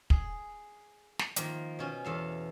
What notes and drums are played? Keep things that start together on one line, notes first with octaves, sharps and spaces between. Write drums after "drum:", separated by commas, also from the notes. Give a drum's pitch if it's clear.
G#4, drum: kick
drum: snare
D#3 F3 A#3, drum: hi-hat
B2 C#4 G#5
E2 A4 F5